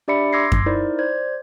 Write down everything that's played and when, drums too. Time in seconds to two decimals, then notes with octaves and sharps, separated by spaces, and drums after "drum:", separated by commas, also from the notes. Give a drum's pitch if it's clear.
0.08 D4 G4 D5 E5 B5 C#7
0.33 C6 D6 E6 G#6 A#6 C7
0.52 drum: kick F#2
0.66 D#4 E4 A#4 C5 D5
0.99 C5 D5 G#6